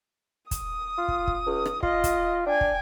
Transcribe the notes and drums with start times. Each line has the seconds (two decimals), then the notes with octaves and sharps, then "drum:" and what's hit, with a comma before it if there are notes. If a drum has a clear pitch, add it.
0.51 D#6, drum: kick, hi-hat
0.98 F4
1.08 drum: kick
1.27 drum: kick
1.46 C#2
1.66 drum: rim click
1.83 F4 D#5, drum: kick
2.04 drum: kick, hi-hat
2.46 D4 G5 G#5
2.61 drum: kick